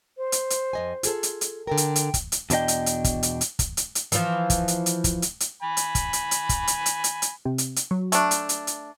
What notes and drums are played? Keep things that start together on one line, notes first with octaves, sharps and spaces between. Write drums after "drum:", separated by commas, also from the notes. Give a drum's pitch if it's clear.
C5
drum: hi-hat
drum: hi-hat
F2 D#5 G#5
F4 G#4 A4, drum: hi-hat
drum: hi-hat
drum: hi-hat
D3 A4 A#4 G5
drum: hi-hat
drum: hi-hat
drum: kick, hi-hat
drum: hi-hat
E2 B2 D4 D#5 G5, drum: hi-hat
drum: hi-hat
drum: hi-hat
drum: kick, hi-hat
drum: hi-hat
drum: hi-hat
drum: kick, hi-hat
drum: hi-hat
drum: hi-hat
E3 F3, drum: hi-hat
drum: kick, hi-hat
drum: hi-hat
drum: hi-hat
drum: kick, hi-hat
drum: hi-hat
drum: hi-hat
G#5 B5
drum: hi-hat
drum: kick, hi-hat
drum: hi-hat
drum: hi-hat
drum: kick, hi-hat
drum: hi-hat
drum: hi-hat
drum: hi-hat
drum: hi-hat
C3
drum: hi-hat
drum: hi-hat
F#3
A3 D4, drum: hi-hat
drum: hi-hat
drum: hi-hat
drum: hi-hat